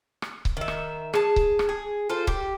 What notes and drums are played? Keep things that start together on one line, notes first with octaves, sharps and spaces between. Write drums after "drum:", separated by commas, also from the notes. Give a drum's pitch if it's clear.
drum: rim click
drum: kick C#1
D#3 E5
drum: rim click
G#4 A5, drum: rim click
drum: kick C#1
drum: rim click
G#4
F4 A4 C5
G4, drum: kick C#1